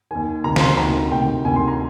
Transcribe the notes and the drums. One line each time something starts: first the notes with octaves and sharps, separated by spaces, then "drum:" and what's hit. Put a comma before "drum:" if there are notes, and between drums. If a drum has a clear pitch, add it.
D#2 D#3 G#5
D2 C3 D#3 A#5
A#5, drum: snare
C6
D2 C3 D#3 A#5
D2 C3 D#3 G5
D2 C3 D#3 G#5
C6
A#5